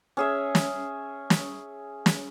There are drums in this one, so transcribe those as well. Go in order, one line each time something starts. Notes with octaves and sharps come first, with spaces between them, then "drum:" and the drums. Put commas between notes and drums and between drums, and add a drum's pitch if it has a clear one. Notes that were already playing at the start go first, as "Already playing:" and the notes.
C#4 G#4 E5
drum: snare
drum: snare
drum: snare